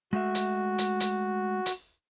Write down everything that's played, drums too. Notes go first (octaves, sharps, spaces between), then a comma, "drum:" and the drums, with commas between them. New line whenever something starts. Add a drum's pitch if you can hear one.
G#3 A3 F#4 E5
drum: hi-hat
drum: hi-hat
drum: hi-hat
drum: hi-hat